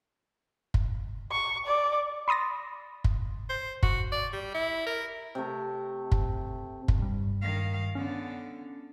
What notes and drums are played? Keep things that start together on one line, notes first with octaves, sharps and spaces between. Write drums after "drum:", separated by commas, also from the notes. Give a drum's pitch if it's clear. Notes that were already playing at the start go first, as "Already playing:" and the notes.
drum: kick
C#6
D5
B5 C6 D#6 A6 A#6
drum: kick
C5
F#4, drum: kick
D5
G3
E4
A#4
C3 A3
drum: kick
drum: kick
G2 G3
D#3 F5
D3 B3 C#4